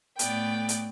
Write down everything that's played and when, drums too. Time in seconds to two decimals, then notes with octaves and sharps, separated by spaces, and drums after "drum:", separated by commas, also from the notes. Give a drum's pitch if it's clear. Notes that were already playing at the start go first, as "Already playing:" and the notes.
0.19 A2 A3 B3 D5 G5, drum: hi-hat
0.69 drum: hi-hat